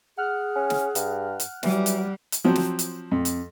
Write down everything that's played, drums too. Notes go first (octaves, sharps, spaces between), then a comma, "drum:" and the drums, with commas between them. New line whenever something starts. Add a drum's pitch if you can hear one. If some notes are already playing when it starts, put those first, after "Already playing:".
G#4 F#5 F6 F#6
C#4
drum: snare
G2, drum: hi-hat
drum: hi-hat
E3 F#3 G3, drum: snare
drum: hi-hat
drum: hi-hat
F3 F#3 C4
drum: snare
drum: hi-hat
F2
drum: hi-hat